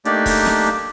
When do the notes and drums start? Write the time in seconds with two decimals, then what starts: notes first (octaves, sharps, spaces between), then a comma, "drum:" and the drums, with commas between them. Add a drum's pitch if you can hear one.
0.05 A3 A#3 D4 D#4 G4 D5, drum: hi-hat
0.26 drum: kick, open hi-hat
0.46 drum: snare
0.66 drum: hi-hat